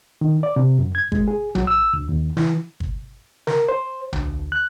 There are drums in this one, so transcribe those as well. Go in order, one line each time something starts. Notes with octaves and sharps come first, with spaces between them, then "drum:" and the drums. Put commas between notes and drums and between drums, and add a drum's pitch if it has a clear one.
D#3
D5
C3
F#2
G#6
G#3, drum: kick G1
G#4
F#3, drum: tom B1
E6
D2
D#2
E3, drum: snare
drum: kick G1
A#4, drum: snare
C5
D2, drum: tom B1
F#6